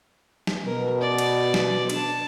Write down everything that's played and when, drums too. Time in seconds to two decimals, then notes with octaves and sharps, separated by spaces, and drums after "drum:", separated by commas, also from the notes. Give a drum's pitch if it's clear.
0.47 drum: snare
0.66 B2 A#4
1.01 D5
1.18 drum: cymbal
1.54 drum: snare
1.90 D4 A5, drum: cymbal